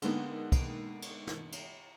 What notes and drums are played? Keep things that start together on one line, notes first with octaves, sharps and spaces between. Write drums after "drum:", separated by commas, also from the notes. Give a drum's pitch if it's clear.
D3 G#3 A#3 B3 D#4, drum: cymbal
drum: kick, cymbal
drum: cymbal
drum: snare
drum: cymbal